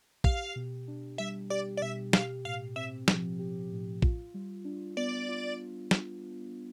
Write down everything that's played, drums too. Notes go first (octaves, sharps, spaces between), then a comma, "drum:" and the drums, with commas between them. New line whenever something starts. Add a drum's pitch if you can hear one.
G4 F5, drum: kick
B2
D4
G3 E5
G4 D5
D5
B2 E5
G4 F5, drum: snare
A2 F5
C4 E5
F3, drum: snare
G4
A2
F4, drum: kick
G3
D4
B3 D5
F4
drum: snare